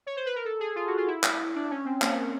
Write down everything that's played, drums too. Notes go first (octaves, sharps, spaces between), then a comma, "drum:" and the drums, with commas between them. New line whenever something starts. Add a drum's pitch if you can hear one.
C#5
C5
B4
A#4
A4
G#4
F4
F#4
F4
E4
E4, drum: clap
D4
C#4
C4
A#3, drum: clap